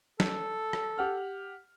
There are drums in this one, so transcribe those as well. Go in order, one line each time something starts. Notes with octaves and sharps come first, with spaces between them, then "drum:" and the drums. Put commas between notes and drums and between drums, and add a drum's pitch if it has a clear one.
A4, drum: snare
drum: rim click
G4 F#5 F6